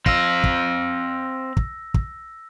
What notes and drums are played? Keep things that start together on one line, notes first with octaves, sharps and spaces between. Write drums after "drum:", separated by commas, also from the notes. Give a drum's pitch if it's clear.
C4 F5 E6 A#6, drum: kick
drum: kick
drum: kick
drum: kick